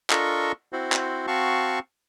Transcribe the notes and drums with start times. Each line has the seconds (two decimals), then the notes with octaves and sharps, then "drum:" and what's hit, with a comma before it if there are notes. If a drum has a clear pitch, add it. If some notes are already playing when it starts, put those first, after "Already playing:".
0.10 D4 F4 A4 A#4 D#5 C#6, drum: clap
0.73 C4 E4 F#4 C5
0.92 drum: clap
1.27 C4 F#4 F5 A5 C#6